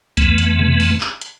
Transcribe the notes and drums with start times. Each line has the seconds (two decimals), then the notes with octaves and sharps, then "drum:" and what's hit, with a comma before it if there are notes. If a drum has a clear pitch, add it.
0.17 F2 E3 A3 B3, drum: kick C2, hi-hat
0.38 drum: hi-hat
0.59 drum: tom B2
0.80 drum: open hi-hat
1.01 drum: clap
1.21 drum: hi-hat